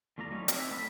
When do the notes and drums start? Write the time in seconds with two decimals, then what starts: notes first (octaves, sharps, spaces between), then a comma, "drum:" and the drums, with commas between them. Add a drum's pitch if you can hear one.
0.18 E2 A3 F4 D5 A#5
0.30 F#3 G3 A3 C#4 D#4 C#5
0.48 G3 C4 D#4 E4 E5, drum: hi-hat
0.71 A3 E5 B5